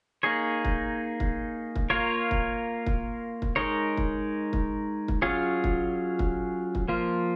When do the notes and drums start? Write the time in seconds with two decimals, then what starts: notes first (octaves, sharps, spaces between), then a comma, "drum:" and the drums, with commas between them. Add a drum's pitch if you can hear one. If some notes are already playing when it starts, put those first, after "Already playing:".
0.23 A#3 D#4 G#4 C#5
0.65 drum: kick
1.20 drum: kick
1.76 drum: kick
1.90 A#3 F4 A#4 C#5
2.31 drum: kick
2.86 drum: kick
3.42 drum: kick
3.56 G#3 D#4 A#4 C#5
3.97 drum: kick
4.53 drum: kick
5.08 drum: kick
5.22 F#3 C#4 F4 G#4 C#5
5.64 drum: kick
6.19 drum: kick
6.75 drum: kick
6.88 F3 A#3 F4